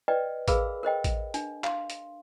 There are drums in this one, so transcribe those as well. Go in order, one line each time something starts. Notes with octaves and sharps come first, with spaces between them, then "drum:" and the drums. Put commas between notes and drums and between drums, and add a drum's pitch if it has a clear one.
B4 D5 D#5 G5
G#4 A#4 B4 F5 B5 E6, drum: kick A1, hi-hat
A#4 C5 D#5 G5
drum: kick A1, hi-hat
D4, drum: hi-hat
F5 C6, drum: clap
drum: hi-hat